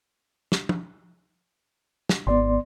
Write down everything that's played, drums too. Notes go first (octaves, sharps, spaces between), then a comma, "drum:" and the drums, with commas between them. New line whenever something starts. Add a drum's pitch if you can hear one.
drum: snare
drum: tom
drum: snare
G#1 B3 D5 C6